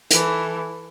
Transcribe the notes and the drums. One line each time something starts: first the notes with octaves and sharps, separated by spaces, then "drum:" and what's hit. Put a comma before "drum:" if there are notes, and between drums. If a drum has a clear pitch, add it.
E3 A4, drum: hi-hat